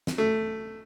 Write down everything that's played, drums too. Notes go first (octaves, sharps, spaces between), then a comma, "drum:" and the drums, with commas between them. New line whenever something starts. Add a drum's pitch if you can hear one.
drum: snare
A3